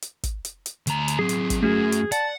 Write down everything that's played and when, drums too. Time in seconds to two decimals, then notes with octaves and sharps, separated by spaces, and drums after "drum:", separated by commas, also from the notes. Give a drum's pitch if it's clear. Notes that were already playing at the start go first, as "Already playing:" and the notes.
0.02 drum: hi-hat
0.23 drum: kick, hi-hat
0.45 drum: hi-hat
0.66 drum: hi-hat
0.87 D2 A#5, drum: hi-hat
1.08 drum: hi-hat
1.19 F#3 C4 G#4
1.29 drum: hi-hat
1.50 drum: kick, hi-hat
1.63 F#2 A3 C#4 F#4 G#4
1.92 drum: hi-hat
2.12 D5 F#5 A5, drum: hi-hat